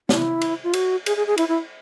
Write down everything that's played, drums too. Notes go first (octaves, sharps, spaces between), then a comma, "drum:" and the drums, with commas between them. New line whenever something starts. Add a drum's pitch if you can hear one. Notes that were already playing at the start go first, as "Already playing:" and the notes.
E4, drum: snare
drum: cymbal
F4
F#4, drum: cymbal
G#4, drum: cymbal
G#4
G#4
E4, drum: cymbal
E4